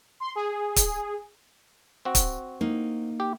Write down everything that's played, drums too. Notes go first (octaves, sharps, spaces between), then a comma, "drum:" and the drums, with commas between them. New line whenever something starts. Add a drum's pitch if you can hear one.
C6
G#4
drum: kick, hi-hat
C4 F#4
drum: kick, hi-hat
A#3 D#4
G4